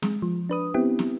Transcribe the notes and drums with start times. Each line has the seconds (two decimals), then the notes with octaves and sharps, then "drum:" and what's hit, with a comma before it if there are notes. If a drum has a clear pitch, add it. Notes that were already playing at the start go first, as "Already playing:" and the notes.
0.02 G#3, drum: snare
0.22 F3
0.49 D4 B4 D#6
0.74 B3 C4 E4 G4
0.99 drum: snare